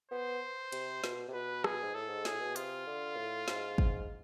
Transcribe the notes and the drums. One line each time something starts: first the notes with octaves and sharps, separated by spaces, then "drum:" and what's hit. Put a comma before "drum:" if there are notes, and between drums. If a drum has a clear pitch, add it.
B3 C5
C3, drum: cymbal
B2, drum: snare
C3
B2 B4
G#4, drum: rim click
G#2
A2 A4
G#2
A2 G#4, drum: snare
B2
C3 F4, drum: hi-hat
D3
A2
G#2, drum: snare
G#2, drum: kick